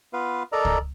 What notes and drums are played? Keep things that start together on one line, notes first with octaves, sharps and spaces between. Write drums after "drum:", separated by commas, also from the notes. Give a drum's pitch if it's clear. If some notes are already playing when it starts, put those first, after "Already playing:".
B3 F4 B4 F5
A4 A#4 D5 D#5 A#5
drum: kick